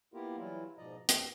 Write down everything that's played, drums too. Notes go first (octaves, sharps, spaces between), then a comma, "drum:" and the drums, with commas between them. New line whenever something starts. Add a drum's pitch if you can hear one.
A#3 B3 E4 F4 G4 A#4
E3 F#3 G3 E4 F4
G#2 B2 F3 D5 D#5 A#5
G2 C4 D4, drum: hi-hat